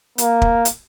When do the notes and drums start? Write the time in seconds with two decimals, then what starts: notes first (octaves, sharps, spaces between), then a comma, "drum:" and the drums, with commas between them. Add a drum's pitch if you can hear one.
0.18 A#3, drum: hi-hat
0.42 drum: kick
0.65 drum: hi-hat